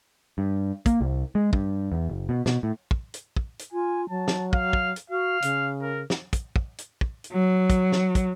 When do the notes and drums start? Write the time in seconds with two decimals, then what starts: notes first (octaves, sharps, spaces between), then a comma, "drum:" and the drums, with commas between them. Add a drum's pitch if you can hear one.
0.38 G2
0.86 A#3, drum: kick, hi-hat
1.01 C2
1.35 G#3
1.53 G2, drum: kick
1.92 E2
2.09 F#1
2.29 B2
2.46 B2, drum: snare
2.63 A2
2.91 drum: kick
3.14 drum: hi-hat
3.37 drum: kick
3.59 drum: hi-hat
3.73 F4 G#5
4.09 F#3 A5
4.28 drum: snare
4.53 F5, drum: kick
4.73 drum: kick
4.96 drum: hi-hat
5.10 F#4 F5
5.42 C#3, drum: hi-hat
5.82 A#4
6.10 drum: snare
6.33 drum: kick, hi-hat
6.56 drum: kick
6.78 drum: hi-hat
7.01 drum: kick
7.24 drum: hi-hat
7.33 F#3
7.70 drum: kick, hi-hat
7.92 drum: snare
8.15 drum: kick, hi-hat